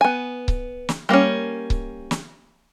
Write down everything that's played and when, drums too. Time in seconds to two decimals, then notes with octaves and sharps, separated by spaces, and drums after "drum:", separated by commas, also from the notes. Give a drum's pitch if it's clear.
0.01 B3 G#5
0.48 drum: kick C#1
0.89 drum: snare
1.09 G3 A#3 C4 C#4
1.70 drum: kick C#1
2.11 drum: snare